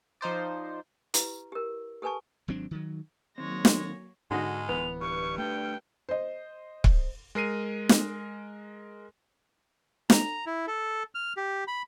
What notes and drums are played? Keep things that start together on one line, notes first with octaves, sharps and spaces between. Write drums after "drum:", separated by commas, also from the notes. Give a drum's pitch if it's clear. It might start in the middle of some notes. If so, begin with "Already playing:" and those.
F3 D#4 C5 D5
E4 G4 B4, drum: hi-hat
G4 A#4
G4 A4 B4 G#5 A5 C#6
G#1 F#3 C4 D4
D#3 F#3
D#3 F#3 G#3 A#3 C4 C#5 A#6
drum: snare
G#2 D3 G#3 D#4 F#4
D1 C2 E3 B3 F7
G2 C#6
A3 C4 D4 G5
C5 D#5
drum: kick C#1
G#3 A#4 C7 D#7
drum: snare
A#5, drum: snare
E4
A4
F6
G4
B5